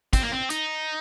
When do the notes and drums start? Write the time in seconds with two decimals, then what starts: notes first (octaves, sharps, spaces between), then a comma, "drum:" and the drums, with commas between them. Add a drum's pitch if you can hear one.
0.13 C4, drum: kick, hi-hat
0.22 A#3
0.32 C4
0.50 D#4, drum: hi-hat